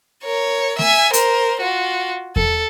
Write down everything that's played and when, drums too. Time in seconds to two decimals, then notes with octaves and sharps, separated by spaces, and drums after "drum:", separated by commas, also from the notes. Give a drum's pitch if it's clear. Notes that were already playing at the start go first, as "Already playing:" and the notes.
0.24 A#4 C#5
0.78 E5 G#5, drum: snare A3
1.13 A#4 C5, drum: hi-hat
1.61 F4 F#4
2.36 A4, drum: kick E2